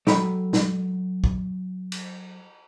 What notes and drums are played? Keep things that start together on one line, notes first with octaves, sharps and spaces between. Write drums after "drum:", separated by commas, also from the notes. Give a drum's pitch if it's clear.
F#3 A4 G5 B5, drum: snare
drum: snare
drum: kick
drum: cymbal